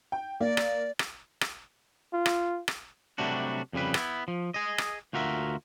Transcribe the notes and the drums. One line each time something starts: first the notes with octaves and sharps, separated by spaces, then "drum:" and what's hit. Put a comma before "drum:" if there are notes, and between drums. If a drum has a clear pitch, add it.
G5
A#3 D5
drum: rim click
drum: rim click
drum: rim click
F4
drum: rim click
drum: rim click
C3 F#3 G3 A3 D4 F#4
F2 C#3 G3 B4
B3 E4, drum: rim click
F3
G#4 D#5
drum: rim click
D2 F4 F#4 A#4 E5